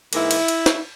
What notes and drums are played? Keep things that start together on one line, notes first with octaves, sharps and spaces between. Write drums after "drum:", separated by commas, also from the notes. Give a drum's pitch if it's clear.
G#2 E3 A#3 E4, drum: cymbal
drum: cymbal
drum: cymbal
drum: snare D#4